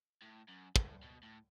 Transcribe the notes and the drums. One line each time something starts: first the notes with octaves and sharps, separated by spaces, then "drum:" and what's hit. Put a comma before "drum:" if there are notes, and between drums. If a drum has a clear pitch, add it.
A2
F#2
A2, drum: kick
B2
A2